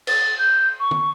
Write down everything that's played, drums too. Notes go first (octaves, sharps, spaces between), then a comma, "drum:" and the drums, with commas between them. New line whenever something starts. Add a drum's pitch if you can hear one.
A6, drum: cymbal
G6
C#6
drum: tom